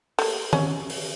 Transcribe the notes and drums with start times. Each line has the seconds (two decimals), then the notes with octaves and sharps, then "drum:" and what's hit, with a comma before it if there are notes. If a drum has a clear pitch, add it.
0.19 A3 A#3, drum: open hi-hat
0.53 C#4, drum: tom D#3
0.90 drum: open hi-hat